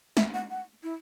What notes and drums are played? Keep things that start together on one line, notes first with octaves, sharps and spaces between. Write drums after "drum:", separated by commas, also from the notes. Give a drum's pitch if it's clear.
E5, drum: snare
F#5
F#5
E4